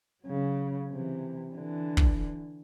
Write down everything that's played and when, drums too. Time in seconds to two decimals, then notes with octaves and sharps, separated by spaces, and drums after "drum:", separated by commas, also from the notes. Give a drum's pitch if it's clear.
0.24 C#3 F#3
0.91 C3 E3
1.55 D3 E3
1.97 drum: kick